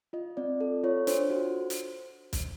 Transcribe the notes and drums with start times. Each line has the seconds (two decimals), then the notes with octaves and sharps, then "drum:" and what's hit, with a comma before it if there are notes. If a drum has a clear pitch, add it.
0.13 F4 D#5
0.37 C4 D5
0.61 A4
0.84 F4 C#5
1.07 D4 C5, drum: hi-hat
1.30 F#4
1.70 drum: hi-hat
2.33 drum: kick, hi-hat